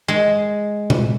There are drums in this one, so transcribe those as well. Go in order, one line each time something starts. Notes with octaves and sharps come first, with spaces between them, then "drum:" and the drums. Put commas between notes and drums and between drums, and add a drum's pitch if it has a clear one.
G#3
drum: tom A#2